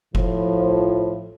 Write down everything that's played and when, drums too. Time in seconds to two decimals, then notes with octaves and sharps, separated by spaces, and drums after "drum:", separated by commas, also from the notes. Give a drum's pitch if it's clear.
0.15 A2 F3, drum: kick F#1